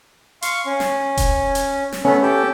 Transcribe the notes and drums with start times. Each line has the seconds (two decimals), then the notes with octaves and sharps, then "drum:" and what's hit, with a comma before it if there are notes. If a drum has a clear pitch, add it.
0.42 F5 C6 C#6, drum: hi-hat
0.66 C#4
0.80 drum: snare
1.17 drum: kick E1, hi-hat
1.55 drum: hi-hat
1.92 drum: snare
2.05 A3 B3 C#4
2.22 G4 A4